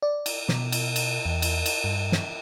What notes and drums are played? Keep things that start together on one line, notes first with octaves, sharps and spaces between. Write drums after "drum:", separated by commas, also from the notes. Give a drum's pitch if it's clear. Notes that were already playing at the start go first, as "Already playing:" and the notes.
D5
drum: cymbal
B2, drum: snare
drum: cymbal
drum: cymbal
E2
drum: cymbal
drum: cymbal
G2
drum: snare